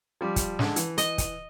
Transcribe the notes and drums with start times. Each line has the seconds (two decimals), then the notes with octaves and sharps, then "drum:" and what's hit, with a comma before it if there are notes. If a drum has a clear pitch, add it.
0.21 F3 G3 D6
0.36 drum: kick, hi-hat
0.59 D3 G#3, drum: snare
0.76 E3, drum: hi-hat
0.98 D#5, drum: hi-hat
1.18 drum: kick, hi-hat